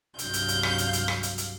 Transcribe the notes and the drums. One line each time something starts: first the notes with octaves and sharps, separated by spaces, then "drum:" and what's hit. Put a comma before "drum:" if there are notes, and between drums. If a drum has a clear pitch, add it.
C2 G2 F#3 F5 G6, drum: hi-hat
drum: hi-hat
drum: hi-hat
drum: rim click
drum: hi-hat
drum: hi-hat
drum: rim click
drum: hi-hat
drum: hi-hat